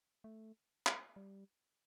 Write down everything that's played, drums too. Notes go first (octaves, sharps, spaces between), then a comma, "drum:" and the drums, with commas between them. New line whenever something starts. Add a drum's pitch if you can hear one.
A3
drum: clap
G3